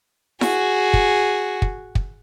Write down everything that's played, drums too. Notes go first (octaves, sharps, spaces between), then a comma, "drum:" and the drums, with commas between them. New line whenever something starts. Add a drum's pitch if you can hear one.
F#4 G#4, drum: snare E4
drum: kick
drum: kick
drum: kick